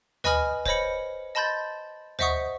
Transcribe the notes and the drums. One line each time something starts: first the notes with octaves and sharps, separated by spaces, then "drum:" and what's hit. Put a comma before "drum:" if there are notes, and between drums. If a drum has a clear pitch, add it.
B4 D#5 G#5 B5 D#6 F6, drum: tom
C5 C#5 D#5 B5 C#7, drum: kick
D#5 A5 B5 C6 G6 A6
C5 D#5 E5 F#5 C#6 D#6, drum: tom